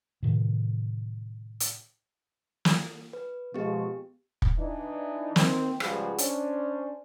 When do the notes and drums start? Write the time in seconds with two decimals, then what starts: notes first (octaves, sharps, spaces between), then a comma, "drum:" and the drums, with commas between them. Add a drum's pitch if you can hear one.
0.23 A2 C3 D#3 E3
1.60 drum: hi-hat
2.65 drum: snare
3.13 B4
3.54 B2 F3 G#3 B3 G4
4.42 drum: kick
4.58 E3 D4 D#4
5.36 D#3 C4, drum: snare
5.80 C#2 F3 G3 F#4 G#4 B4, drum: rim click
6.18 C#4 D4 C5, drum: hi-hat